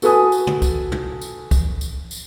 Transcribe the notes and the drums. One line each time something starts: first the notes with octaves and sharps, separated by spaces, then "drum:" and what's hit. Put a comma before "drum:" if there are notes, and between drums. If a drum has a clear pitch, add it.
F#4 A4 B4 G#5 D#6, drum: tambourine
drum: tambourine
drum: tom
drum: kick, tambourine
drum: tom
drum: tambourine
drum: kick, tambourine
drum: tambourine
drum: tambourine